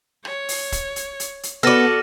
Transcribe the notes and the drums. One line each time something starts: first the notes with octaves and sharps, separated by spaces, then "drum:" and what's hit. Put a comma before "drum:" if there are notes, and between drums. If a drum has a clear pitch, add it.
C#5, drum: rim click
drum: open hi-hat
drum: kick, hi-hat
drum: hi-hat
drum: hi-hat
drum: hi-hat
B3 F#4 A4 D5 F6 A#6 D#7